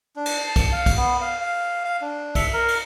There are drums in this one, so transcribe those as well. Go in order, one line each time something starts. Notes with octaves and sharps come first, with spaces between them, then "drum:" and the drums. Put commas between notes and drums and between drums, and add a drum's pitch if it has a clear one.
D4
drum: cymbal
A5
drum: kick B1, cymbal
F5
drum: kick B1, cymbal
B3
F5
F5
F5
D4
E5, drum: kick B1, cymbal
A#4
drum: cymbal